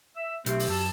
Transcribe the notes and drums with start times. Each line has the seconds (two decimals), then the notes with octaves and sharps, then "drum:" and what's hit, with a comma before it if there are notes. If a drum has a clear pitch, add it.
0.17 E5 E6
0.46 B1 A3 C4 G4, drum: hi-hat
0.59 drum: open hi-hat
0.70 F#2 A5 E6